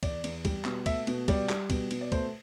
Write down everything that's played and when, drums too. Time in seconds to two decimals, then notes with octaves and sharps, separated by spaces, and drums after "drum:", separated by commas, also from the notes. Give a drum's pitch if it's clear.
0.03 E2 D5, drum: kick, cymbal
0.24 E2, drum: cymbal
0.45 G3, drum: kick, cymbal
0.65 B2, drum: clap
0.86 A3 E5, drum: kick, cymbal
1.07 B2, drum: cymbal
1.28 G3 D5, drum: kick, cymbal
1.49 G3, drum: clap
1.70 B2, drum: kick, cymbal
1.91 B2, drum: cymbal
2.01 D5
2.12 A3 C5, drum: kick, cymbal